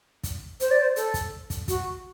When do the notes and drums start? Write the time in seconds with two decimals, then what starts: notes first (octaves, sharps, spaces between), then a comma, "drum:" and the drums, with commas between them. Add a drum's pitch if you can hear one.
0.23 drum: kick, hi-hat
0.60 C5, drum: hi-hat
0.70 D5
0.81 C5
0.96 A4, drum: hi-hat
1.14 drum: kick, hi-hat
1.50 drum: kick, hi-hat
1.68 F#4, drum: kick, hi-hat